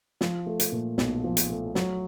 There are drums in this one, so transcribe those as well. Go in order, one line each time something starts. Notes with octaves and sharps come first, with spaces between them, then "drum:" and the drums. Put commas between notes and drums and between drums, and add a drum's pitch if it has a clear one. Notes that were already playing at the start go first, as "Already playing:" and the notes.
F3, drum: snare
A3
drum: hi-hat
A#2
B1, drum: snare
F3
drum: hi-hat
A3
F#3, drum: snare